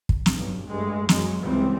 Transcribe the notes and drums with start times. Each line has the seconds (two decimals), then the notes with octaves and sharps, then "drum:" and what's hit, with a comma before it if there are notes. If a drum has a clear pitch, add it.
0.09 drum: kick
0.26 drum: snare
0.36 B1 G2
0.68 G2 G#3 A3
1.09 F#2 F#3 G#3, drum: snare
1.42 C#2 C3 E3 G3 C4